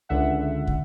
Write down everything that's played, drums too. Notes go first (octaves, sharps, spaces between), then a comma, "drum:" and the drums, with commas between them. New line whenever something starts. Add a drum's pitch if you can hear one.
C#2 D3 E5 F#5
drum: kick